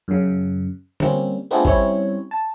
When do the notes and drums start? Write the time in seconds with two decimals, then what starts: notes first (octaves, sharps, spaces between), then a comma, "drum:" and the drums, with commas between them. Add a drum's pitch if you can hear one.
0.08 F#2 C#3
1.00 G3 A#3 C4 C#4, drum: tom D3
1.51 A3 B3 C4 D4 F4 G#4
1.65 G3 C4 C#4 E4 C#5, drum: kick G#1
2.31 A5